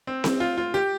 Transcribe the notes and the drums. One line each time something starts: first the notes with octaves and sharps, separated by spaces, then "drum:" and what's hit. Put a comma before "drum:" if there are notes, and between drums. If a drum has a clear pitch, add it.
C4
drum: snare C4
F4
F4
G4